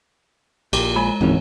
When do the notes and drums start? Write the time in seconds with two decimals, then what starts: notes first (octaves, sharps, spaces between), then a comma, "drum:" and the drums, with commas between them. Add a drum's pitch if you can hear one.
0.73 A#1 A#2 G4, drum: cymbal
0.96 G#3 G#5 B5
1.21 D1 G#1 G#2 E3 C#4